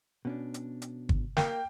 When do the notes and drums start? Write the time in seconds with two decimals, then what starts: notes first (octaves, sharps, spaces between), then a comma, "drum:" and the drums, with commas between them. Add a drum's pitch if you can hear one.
0.25 B2 C#4 D4
0.54 drum: hi-hat
0.82 drum: hi-hat
1.09 drum: kick
1.37 A#3 G5, drum: snare